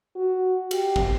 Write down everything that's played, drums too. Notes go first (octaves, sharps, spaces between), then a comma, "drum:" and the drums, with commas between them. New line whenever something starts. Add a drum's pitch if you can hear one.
F#4
G4, drum: cymbal
drum: kick